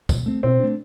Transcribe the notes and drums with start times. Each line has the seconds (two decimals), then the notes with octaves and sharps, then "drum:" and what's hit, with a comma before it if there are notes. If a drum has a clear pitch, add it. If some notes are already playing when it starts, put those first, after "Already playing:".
0.09 B2, drum: kick, tambourine
0.26 A3 C4
0.43 B2 C4
0.60 A3 D4